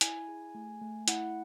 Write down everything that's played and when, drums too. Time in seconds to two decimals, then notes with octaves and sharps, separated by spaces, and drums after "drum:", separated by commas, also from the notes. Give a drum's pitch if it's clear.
0.01 E4 G#5, drum: hi-hat
0.28 G#4
0.55 A3
0.81 A3
1.08 E4 F#5, drum: hi-hat